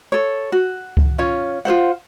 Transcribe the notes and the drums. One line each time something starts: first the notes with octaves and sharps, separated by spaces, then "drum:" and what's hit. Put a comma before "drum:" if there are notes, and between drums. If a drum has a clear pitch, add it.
A4 C#5
F#4
drum: kick C#2
C#4 F4 C#5
F4 A4 C5 F#5